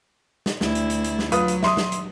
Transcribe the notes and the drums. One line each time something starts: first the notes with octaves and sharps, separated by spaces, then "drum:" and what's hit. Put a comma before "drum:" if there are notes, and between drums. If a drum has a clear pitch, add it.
drum: snare
D2 E4, drum: snare
drum: hi-hat
drum: hi-hat
drum: hi-hat
drum: snare
F#3 F4 B4 D#6, drum: hi-hat
drum: hi-hat
E5 C6 D#6, drum: snare
drum: snare
drum: hi-hat